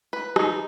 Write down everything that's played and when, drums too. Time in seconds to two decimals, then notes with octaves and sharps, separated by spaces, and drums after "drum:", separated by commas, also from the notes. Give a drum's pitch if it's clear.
0.13 B4
0.36 D#4, drum: rim click